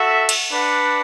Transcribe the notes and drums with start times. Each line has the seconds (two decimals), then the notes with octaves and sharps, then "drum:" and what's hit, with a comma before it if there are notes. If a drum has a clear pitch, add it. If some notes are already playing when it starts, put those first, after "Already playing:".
Already playing: F#4 A4 E5
0.29 drum: cymbal
0.50 D4 B4 D5 F#5